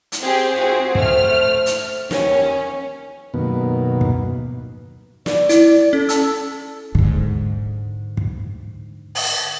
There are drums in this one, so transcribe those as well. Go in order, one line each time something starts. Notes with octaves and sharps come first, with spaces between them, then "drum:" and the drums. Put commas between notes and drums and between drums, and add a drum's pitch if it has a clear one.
drum: hi-hat
C4 G4 G#4
G#2 C4 F4 F#4 G#4 C5
A3 C5 F6, drum: kick
drum: hi-hat
D#2 C#4, drum: snare
F#2 B2 D#3 A#3 B3
drum: kick
D5, drum: snare
E4, drum: hi-hat
C#4 A4
A5 E6, drum: hi-hat
G#2 D3, drum: kick
drum: kick
drum: open hi-hat